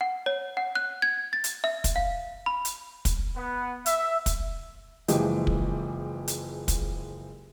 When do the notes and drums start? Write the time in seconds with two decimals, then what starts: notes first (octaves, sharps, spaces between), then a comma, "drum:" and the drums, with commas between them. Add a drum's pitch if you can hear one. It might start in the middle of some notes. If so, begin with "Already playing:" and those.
0.01 F#5
0.26 C#5
0.57 F#5
0.75 F#6
1.02 G#6
1.33 A6
1.44 drum: hi-hat
1.64 E5
1.84 drum: kick, hi-hat
1.96 F5
2.46 B5
2.65 drum: hi-hat
3.05 drum: kick, hi-hat
3.35 B3
3.86 E5, drum: hi-hat
4.26 drum: kick, hi-hat
5.08 F#1 E3 F3 G#3 G4, drum: hi-hat
5.47 drum: kick
6.28 drum: hi-hat
6.68 drum: kick, hi-hat